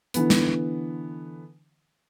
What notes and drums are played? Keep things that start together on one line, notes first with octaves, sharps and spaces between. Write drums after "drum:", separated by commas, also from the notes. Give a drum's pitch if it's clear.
D3 E3 B3, drum: hi-hat
drum: snare